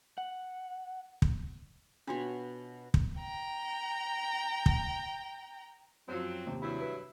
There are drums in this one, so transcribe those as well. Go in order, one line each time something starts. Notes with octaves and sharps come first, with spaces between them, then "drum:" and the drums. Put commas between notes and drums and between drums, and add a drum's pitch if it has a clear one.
F#5
drum: kick
B2 D4 F4 F#4 C#5 B5
drum: kick
G5 A#5
drum: kick
F#2 F3 F#3 C4
D#2 C3
G2 F#3 E4
B4